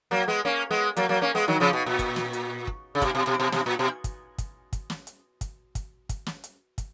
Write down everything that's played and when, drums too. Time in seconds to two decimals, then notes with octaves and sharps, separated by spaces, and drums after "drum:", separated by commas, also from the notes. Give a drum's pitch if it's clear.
0.11 F#3 A#3
0.28 G#3 B3
0.45 A#3 C#4
0.71 G#3 B3
0.96 F#3 A#3, drum: hi-hat
1.09 F#3 A#3
1.21 A#3 C#4
1.35 G#3 B3
1.48 D#3 F#3
1.60 C#3 F3
1.73 B2
1.86 A#2
1.99 drum: kick, hi-hat
2.16 drum: snare
2.33 drum: hi-hat
2.67 drum: kick
2.95 C#3
3.02 B2, drum: kick, hi-hat
3.15 B2
3.27 B2
3.40 B2
3.52 B2, drum: snare
3.66 A#2
3.79 B2
4.04 drum: kick, hi-hat
4.38 drum: kick, hi-hat
4.73 drum: kick, hi-hat
4.90 drum: snare
5.07 drum: hi-hat
5.41 drum: kick, hi-hat
5.75 drum: kick, hi-hat
6.09 drum: kick, hi-hat
6.26 drum: snare
6.44 drum: hi-hat
6.78 drum: kick, hi-hat